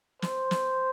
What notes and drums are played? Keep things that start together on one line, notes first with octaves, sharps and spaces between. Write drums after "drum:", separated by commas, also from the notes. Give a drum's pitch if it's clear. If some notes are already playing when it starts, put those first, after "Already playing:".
C5, drum: snare
drum: snare